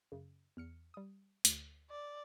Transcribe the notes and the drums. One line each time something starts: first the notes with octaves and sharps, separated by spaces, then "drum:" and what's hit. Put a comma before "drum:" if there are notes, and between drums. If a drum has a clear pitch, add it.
F#2 C#3
E2 F6 C#7
G3 D#6
D2, drum: hi-hat
D5